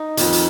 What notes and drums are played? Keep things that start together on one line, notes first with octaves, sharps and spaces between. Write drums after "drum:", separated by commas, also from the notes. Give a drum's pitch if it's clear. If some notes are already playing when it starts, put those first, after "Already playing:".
Already playing: D#4
F2 D#3, drum: hi-hat
drum: hi-hat